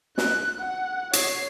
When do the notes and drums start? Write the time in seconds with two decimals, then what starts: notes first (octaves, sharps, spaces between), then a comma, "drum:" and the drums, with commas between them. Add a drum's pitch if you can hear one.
0.18 F#6, drum: snare
0.60 F#5
1.13 C#5 C7, drum: hi-hat